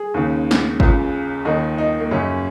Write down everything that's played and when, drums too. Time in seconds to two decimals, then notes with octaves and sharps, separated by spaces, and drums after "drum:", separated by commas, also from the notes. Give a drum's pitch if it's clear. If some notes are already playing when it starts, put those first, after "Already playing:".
Already playing: G#4
0.14 D#2 C#3
0.51 drum: snare
0.80 C#2 C#3, drum: kick
1.45 D#2 D#3 D#4
1.78 D#4
2.00 A#3
2.11 F#2 C#3 C#4